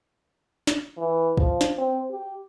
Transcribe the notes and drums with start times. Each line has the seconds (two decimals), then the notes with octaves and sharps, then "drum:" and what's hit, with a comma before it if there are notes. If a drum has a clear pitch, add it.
0.67 drum: snare
0.97 E3
1.37 F3, drum: kick
1.61 drum: snare
1.78 C4
2.10 G4